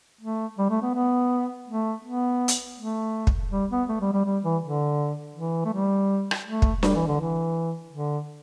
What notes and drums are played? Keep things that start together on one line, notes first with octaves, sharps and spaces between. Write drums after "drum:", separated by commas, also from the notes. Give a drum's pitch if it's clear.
A3
G3
A3
B3
B3
A3
B3
drum: hi-hat
A3
drum: kick
G3
B3
A3
G3
G3
G3
E3
D3
E3
A3
G3
drum: rim click
A3
drum: kick
G3, drum: snare D4
E3
D3
E3
D3